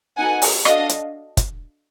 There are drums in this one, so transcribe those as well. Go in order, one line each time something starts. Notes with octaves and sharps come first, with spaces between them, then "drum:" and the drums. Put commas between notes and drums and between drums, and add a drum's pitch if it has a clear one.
B3 D#4 F#4 A4 F#5 G#5
drum: open hi-hat
D4 F#4 A4 D#5 F5, drum: rim click
drum: hi-hat
drum: kick, hi-hat